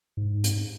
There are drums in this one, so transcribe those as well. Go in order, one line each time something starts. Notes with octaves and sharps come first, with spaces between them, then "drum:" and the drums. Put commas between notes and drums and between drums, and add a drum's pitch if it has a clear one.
G#2
drum: hi-hat